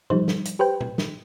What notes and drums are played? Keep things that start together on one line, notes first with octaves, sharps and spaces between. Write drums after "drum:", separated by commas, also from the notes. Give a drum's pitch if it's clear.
F3 G3 D#4 C5, drum: tom A#2
drum: snare
drum: hi-hat
G4 B4 C5 G5
drum: tom A#2
drum: snare